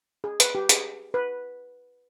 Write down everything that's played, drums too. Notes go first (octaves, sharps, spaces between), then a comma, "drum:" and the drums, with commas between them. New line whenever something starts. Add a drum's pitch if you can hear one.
G#4
B4, drum: hi-hat
G4
G#4, drum: hi-hat
B4